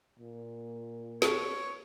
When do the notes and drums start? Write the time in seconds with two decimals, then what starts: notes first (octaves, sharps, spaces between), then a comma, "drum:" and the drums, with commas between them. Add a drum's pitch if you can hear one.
0.19 A#2
1.22 C#5, drum: snare